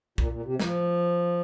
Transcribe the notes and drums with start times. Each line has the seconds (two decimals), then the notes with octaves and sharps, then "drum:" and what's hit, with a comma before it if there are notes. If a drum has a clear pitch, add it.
0.18 A#2, drum: kick B1
0.32 A#2
0.45 C3
0.60 F3, drum: snare